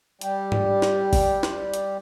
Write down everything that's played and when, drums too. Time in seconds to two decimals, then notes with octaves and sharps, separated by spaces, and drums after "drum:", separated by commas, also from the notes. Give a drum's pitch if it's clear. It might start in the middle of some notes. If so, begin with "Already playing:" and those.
0.21 G3 G4, drum: hi-hat
0.52 drum: tom G#2
0.82 drum: snare
1.13 drum: kick G1, open hi-hat
1.43 drum: snare
1.74 drum: hi-hat